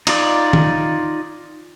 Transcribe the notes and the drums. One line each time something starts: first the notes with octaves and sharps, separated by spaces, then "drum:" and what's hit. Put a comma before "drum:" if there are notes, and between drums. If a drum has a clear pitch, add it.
D#4 F4 D5, drum: cymbal
drum: tom